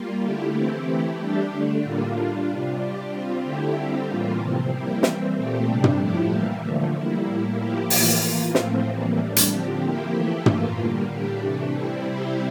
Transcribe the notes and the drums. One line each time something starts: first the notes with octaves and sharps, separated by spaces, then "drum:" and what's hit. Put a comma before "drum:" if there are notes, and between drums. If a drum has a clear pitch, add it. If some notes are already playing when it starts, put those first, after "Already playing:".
Already playing: G3 A#3 F4
D3 A3 E4 G4
E3 A3 C4 E4 G4
E3 A3 E4 G4
G3 D4 G4
D3 A3 D4
A2 G3 A#3 D4 F4
G3 D4 F4
C3 G3 D4 F4
G3 D4 G4
G3 C4 F4
D3 A3 E4 G4
D3 G3 C4 G4
A2 E3 G3 A#3 F4
C3 F3 C4
G3 A#3 E4 G4
E3 G3 C4, drum: snare
A#2 A3 C4 G4
C3 G3 D4
drum: tom
A2 F3 A3 E4 G4
E3 G3 A#3
D3 F3 A3
G3 A#3 E4
A2 G3 A#3 E4
F3 A#3 E4 G4
A2 E3 A#3 F4, drum: open hi-hat
E3 A#3 F4
A2 F3 A3 C4, drum: snare
A2 E3 G3 A#3
A2 G3 D4
drum: hi-hat
D3 F3 C4 G4
F3 A#3 E4 G4
E3 A3 E4 G4
A2 E3 A#3 F4, drum: tom
D3 G3 A#3
A2 G3 D4 G4
C3 E3 A3 D4
G3 C4 E4
C3 G3 C4 E4 G4